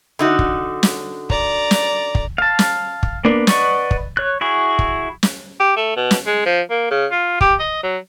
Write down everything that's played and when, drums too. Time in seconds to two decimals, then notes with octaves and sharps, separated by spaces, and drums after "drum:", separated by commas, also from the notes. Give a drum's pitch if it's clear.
0.19 D3 D#4 F#4
0.39 drum: kick
0.83 drum: snare
1.30 D5 A#5, drum: kick
1.71 drum: snare
2.15 drum: kick
2.38 F5 A5
2.59 drum: snare
3.03 drum: kick
3.25 A#3 B3 D4
3.47 B4 D5 D#5 F#5 C#6, drum: snare
3.91 drum: kick
4.17 C#5 F#6
4.41 E4 F#4 G#4
4.79 drum: kick
5.23 drum: snare
5.60 G4
5.77 A3
5.96 B2
6.11 drum: snare
6.27 G#3
6.46 F3
6.70 A#3
6.91 C#3
7.11 F4
7.41 G4, drum: kick
7.60 D#5
7.83 F#3